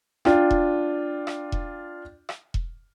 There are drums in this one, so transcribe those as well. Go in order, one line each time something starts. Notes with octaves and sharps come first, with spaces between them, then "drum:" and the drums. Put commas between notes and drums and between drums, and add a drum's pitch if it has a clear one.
D4 F4 G5, drum: rim click
drum: kick E1
drum: rim click
drum: kick E1
drum: rim click
drum: kick E1